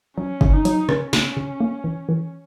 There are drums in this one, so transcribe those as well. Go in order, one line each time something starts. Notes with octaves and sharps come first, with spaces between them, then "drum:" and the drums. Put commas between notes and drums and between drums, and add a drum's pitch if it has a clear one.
F#3 C#4
C#3, drum: kick G1
D#4
F#3, drum: hi-hat
C#3 C#4, drum: rim click
C#3, drum: snare
C#3
A#3
E3
E3